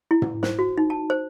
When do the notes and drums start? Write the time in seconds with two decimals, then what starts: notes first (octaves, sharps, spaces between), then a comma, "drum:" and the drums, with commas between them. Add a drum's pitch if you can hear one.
0.11 E4
0.22 drum: tom
0.43 C5, drum: snare
0.59 F#4
0.78 D#4
0.90 A5
1.10 C5